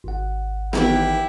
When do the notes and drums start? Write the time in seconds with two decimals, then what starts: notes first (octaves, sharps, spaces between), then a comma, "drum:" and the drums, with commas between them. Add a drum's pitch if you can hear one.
0.04 G#1 F#5
0.73 F#2 D#3 E3 E4 G4, drum: snare B3